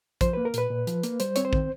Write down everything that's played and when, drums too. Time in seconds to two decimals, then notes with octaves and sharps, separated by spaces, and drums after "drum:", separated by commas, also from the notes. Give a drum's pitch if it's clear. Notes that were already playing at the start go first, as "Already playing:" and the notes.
0.21 F3 C5, drum: kick, hi-hat
0.33 A#3 B4
0.45 A#4
0.54 A#2 B4, drum: hi-hat
0.70 A#2
0.87 F3, drum: hi-hat
1.03 A#3, drum: hi-hat
1.20 G3 C5, drum: hi-hat
1.36 C4 C#5, drum: hi-hat
1.45 C5
1.53 D#3, drum: kick